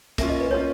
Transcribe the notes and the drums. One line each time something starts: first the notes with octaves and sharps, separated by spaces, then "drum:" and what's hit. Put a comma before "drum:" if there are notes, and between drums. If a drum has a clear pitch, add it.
A#3 C#4 F4 E5, drum: kick, hi-hat
D#5
B4
A#3 C#4 F4 C#5